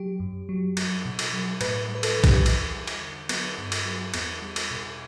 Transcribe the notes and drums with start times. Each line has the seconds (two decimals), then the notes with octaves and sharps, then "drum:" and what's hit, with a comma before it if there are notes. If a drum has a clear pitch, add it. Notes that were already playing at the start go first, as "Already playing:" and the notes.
Already playing: F#3 G4
0.20 F#2
0.49 F#3
0.77 F#3, drum: cymbal
1.05 B2
1.19 drum: cymbal
1.33 F#3
1.61 A2 B4, drum: cymbal
1.89 G3
1.95 B4
2.03 A4, drum: cymbal
2.17 E3
2.24 G4, drum: kick B1, cymbal
2.46 E2, drum: cymbal
2.74 G3
2.87 drum: cymbal
3.01 D3
3.29 F#3 B3, drum: cymbal
3.58 G2
3.72 drum: cymbal
3.85 F#3
4.14 E2 B3, drum: cymbal
4.42 G3
4.56 drum: cymbal
4.71 B2